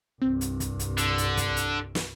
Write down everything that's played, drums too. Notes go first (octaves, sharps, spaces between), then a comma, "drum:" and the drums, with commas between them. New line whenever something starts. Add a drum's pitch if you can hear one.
C2 G2 C4
drum: hi-hat
drum: kick, hi-hat
drum: hi-hat
D3, drum: hi-hat
drum: hi-hat
drum: kick, hi-hat
drum: hi-hat
drum: snare